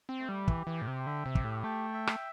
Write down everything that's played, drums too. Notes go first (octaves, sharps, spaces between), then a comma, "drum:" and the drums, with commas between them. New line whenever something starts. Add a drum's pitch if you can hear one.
C4
A3
G3
E3 G4, drum: kick
E3
A2 G5
C3
D3 E5
C3
G4, drum: kick
A2
A3 G5
E5
drum: rim click